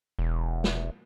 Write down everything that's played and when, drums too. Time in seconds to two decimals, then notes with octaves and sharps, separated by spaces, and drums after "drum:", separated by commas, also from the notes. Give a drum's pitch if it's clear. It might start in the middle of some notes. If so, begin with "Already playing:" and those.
0.19 E1
0.64 drum: snare